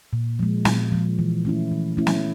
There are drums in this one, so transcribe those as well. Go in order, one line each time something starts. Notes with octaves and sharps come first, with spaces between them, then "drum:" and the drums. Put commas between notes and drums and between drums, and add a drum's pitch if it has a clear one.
A#2
F3 G#3
A#2, drum: snare
F3 G#3
E3
A3 C#4 E4
E3
A3 C#4 E4
drum: snare